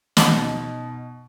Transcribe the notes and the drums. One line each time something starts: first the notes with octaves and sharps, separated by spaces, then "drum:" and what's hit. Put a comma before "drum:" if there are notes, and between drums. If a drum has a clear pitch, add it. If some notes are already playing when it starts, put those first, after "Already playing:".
B2 D#4, drum: snare